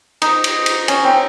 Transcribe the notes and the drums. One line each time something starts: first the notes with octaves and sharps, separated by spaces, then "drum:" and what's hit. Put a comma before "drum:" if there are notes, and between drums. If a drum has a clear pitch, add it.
D#4, drum: cymbal
drum: cymbal
drum: cymbal
C#4, drum: cymbal
C4